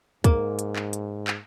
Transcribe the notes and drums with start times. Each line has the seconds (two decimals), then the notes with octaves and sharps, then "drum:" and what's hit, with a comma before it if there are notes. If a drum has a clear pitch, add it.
0.24 G#2 A#3, drum: kick, hi-hat
0.59 drum: hi-hat
0.76 drum: clap
0.93 drum: hi-hat
1.27 drum: clap